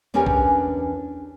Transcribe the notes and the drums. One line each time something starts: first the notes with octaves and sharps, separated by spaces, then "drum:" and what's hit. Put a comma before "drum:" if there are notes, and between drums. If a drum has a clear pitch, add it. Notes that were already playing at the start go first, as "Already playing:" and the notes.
E2 C#4 D4 G4 A#4 G#5
drum: kick C2